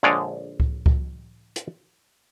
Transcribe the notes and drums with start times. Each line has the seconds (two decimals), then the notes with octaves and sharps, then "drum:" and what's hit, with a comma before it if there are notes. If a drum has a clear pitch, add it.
0.03 A#1 D3 G#3 G#4 C#5 D5
0.60 drum: kick C#2
0.86 drum: kick C#2
1.56 drum: hi-hat